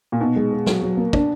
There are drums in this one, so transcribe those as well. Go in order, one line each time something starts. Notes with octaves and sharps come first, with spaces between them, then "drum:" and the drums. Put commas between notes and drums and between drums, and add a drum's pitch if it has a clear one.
A#2
B2 D#4
G#3
G#4
F#3, drum: snare
F#3
A#3
D4, drum: kick